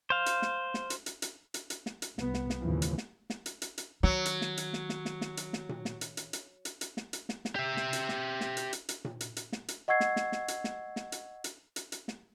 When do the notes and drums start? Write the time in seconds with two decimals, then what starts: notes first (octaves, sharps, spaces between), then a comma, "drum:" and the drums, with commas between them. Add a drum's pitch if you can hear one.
0.10 C5 F5
0.26 drum: hi-hat
0.42 drum: snare
0.74 drum: snare
0.90 drum: hi-hat
1.06 drum: hi-hat
1.22 drum: hi-hat
1.54 drum: hi-hat
1.70 drum: hi-hat
1.86 drum: snare
2.02 drum: hi-hat
2.18 C2 B3, drum: snare
2.34 drum: snare
2.50 drum: snare
2.61 D#2 A2 C#3 E3 F3
2.82 drum: hi-hat
2.98 drum: snare
3.30 drum: snare
3.46 drum: hi-hat
3.62 drum: hi-hat
3.78 drum: hi-hat
4.03 D#3 F#3
4.26 drum: hi-hat
4.41 drum: snare
4.57 drum: hi-hat
4.73 drum: snare
4.89 drum: snare
5.05 drum: snare
5.21 drum: snare
5.37 drum: hi-hat
5.53 drum: snare
5.69 drum: tom A#2
5.85 drum: snare
6.01 drum: hi-hat
6.17 drum: hi-hat
6.33 drum: hi-hat
6.65 drum: hi-hat
6.81 drum: hi-hat
6.97 drum: snare
7.13 drum: hi-hat
7.29 drum: snare
7.45 drum: snare
7.56 G4 E5
7.77 drum: snare
7.93 drum: hi-hat
8.09 drum: snare
8.41 drum: snare
8.57 drum: hi-hat
8.73 drum: hi-hat
8.89 drum: hi-hat
9.05 drum: tom A#2
9.21 drum: hi-hat
9.37 drum: hi-hat
9.52 drum: snare
9.68 drum: hi-hat
9.88 D#5 F#5 C#6 E6 G#6 C7
10.00 drum: snare
10.16 drum: snare
10.32 drum: snare
10.48 drum: hi-hat
10.64 drum: snare
10.96 drum: snare
11.12 drum: hi-hat
11.44 drum: hi-hat
11.76 drum: hi-hat
11.92 drum: hi-hat
12.08 drum: snare